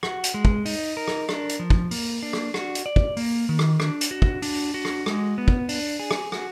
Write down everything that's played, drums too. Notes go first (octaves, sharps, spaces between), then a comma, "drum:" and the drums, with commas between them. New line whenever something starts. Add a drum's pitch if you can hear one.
F#4, drum: rim click
drum: hi-hat
G#3
drum: kick
D#4, drum: open hi-hat
A#4
drum: rim click
D4, drum: rim click
drum: hi-hat
F3
drum: kick
A#3, drum: open hi-hat
D4
drum: rim click
F#4, drum: rim click
drum: hi-hat
D5
drum: kick
A#3, drum: open hi-hat
D#3
drum: rim click
D4, drum: rim click
drum: hi-hat
F#4
drum: kick
D4, drum: open hi-hat
F#4
drum: rim click
G#3, drum: rim click
B3
drum: kick
D4, drum: open hi-hat
G#4
drum: rim click
F#4, drum: rim click